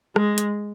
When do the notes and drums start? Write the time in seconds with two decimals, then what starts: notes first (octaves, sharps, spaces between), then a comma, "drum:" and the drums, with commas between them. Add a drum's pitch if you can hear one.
0.16 G#3, drum: rim click
0.38 drum: hi-hat